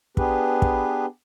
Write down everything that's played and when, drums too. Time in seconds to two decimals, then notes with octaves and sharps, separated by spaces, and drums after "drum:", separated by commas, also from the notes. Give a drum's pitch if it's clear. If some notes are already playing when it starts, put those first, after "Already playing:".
0.17 B3 D4 G4 G#4 B4, drum: kick
0.62 drum: kick